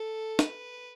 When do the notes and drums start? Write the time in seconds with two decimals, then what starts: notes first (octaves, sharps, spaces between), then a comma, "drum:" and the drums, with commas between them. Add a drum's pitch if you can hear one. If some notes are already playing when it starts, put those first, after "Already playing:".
Already playing: A4
0.39 B4, drum: snare